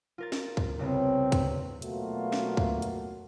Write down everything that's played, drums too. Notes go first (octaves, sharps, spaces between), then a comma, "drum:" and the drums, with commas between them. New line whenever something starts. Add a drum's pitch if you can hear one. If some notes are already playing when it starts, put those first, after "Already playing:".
F4 A#4 A6
drum: snare
drum: kick
C2 C#3 B3 C4
drum: kick, hi-hat
B2 F#3 A3 A#3 F4 F#4, drum: hi-hat
drum: snare
drum: kick
drum: hi-hat